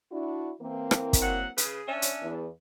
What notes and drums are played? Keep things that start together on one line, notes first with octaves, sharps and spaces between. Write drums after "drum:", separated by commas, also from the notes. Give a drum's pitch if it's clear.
D4 E4 F#4
E3 A#3 C4
drum: rim click
drum: kick, hi-hat
F#3 F#5
C#3 G#4 B4, drum: hi-hat
C#4 D4 C#5 E5
drum: hi-hat
E2